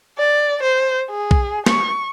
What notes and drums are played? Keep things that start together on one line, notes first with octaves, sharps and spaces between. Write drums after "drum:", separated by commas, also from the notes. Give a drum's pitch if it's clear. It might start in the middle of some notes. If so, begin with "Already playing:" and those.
D5
C5
G#4
drum: kick B1
C#6, drum: snare